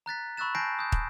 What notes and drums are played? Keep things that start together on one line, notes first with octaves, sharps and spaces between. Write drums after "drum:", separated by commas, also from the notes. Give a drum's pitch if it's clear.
A#5 F#6 A6 B6
B5 C#6 E6 F#6 A6 E7
G#5 A5 G6 A#6 C7 D7
D#6 G6
drum: kick